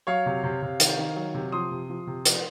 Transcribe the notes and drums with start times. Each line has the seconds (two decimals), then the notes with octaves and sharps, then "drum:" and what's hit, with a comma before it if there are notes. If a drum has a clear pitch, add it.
0.07 F#3 C#5 F5
0.26 C3
0.43 C3
0.62 C3
0.80 D#3, drum: hi-hat
0.99 D#3
1.16 F#3
1.34 C3
1.52 F3 C6 D#6
1.71 C3
1.90 F3
2.07 C3
2.25 F3, drum: hi-hat